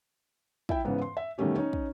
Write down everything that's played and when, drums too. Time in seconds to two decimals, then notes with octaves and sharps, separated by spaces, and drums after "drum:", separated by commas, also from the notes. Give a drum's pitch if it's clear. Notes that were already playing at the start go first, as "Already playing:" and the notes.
0.69 E4 E5 G5, drum: kick
0.84 G#2 C#3 E3 B3
1.02 C6
1.17 E5
1.38 B2 D#3 G3 A3 C#4 G4
1.56 C#4 D#4
1.73 drum: kick